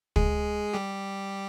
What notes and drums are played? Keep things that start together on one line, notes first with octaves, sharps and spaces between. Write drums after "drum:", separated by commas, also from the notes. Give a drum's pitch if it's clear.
G#3 G#4, drum: kick
G3 G4